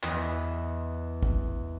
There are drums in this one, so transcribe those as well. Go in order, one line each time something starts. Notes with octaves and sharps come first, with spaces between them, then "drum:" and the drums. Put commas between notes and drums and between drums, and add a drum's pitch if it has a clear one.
E2 B4 D#5, drum: clap
drum: kick